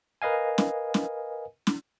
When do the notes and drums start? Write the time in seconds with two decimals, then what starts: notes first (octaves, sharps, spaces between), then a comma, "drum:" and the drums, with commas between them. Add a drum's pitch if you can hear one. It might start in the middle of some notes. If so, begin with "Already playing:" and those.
0.22 A#4 B4 D#5 F5 G#5
0.58 drum: snare
0.94 drum: snare
1.67 drum: snare